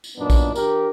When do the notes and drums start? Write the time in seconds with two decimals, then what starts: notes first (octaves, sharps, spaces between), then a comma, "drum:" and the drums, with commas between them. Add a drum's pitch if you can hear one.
0.04 drum: tambourine
0.17 F#2 A#2 B3 D4 D#4
0.30 drum: kick A#1, tambourine
0.55 F3 D4 G4 A#4, drum: tambourine